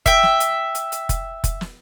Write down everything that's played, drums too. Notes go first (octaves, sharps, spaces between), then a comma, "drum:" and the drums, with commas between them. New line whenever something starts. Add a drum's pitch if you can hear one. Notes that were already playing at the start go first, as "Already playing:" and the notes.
E5 G5, drum: kick F1, hi-hat
drum: snare
drum: hi-hat
drum: hi-hat
drum: hi-hat
drum: kick F1, hi-hat
drum: kick F1, hi-hat
drum: snare